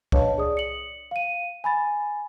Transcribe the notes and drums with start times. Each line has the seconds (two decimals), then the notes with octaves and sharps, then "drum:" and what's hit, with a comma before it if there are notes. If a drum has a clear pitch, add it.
0.12 D4 B4 C#5 D#5 F5 A5, drum: kick C2
0.38 G#4 D5 D#6
0.57 C#7 F#7
1.11 F5 D#7
1.64 G#5 B5 A6